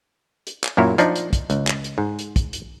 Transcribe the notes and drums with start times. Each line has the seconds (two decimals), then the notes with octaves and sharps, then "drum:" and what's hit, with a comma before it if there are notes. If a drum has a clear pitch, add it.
0.47 drum: hi-hat
0.64 drum: clap
0.77 F#2 A#2 A#3 E4 C#5
0.98 F3 D4 D#4, drum: hi-hat
1.16 drum: hi-hat
1.33 drum: kick, hi-hat
1.50 C#2, drum: hi-hat
1.67 drum: clap
1.84 drum: hi-hat
1.98 G#2
2.19 drum: hi-hat
2.36 drum: kick, hi-hat
2.53 drum: hi-hat